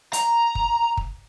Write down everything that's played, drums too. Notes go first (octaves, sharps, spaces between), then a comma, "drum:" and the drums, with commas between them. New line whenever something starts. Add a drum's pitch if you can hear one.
A#5, drum: hi-hat
drum: kick
drum: kick